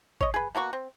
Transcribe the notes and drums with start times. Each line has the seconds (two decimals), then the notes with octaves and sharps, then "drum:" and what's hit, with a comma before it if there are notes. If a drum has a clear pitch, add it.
0.21 C#5 D#5, drum: kick A1
0.34 G#4 B4
0.55 B2 A#3 F#4 C#6
0.73 C4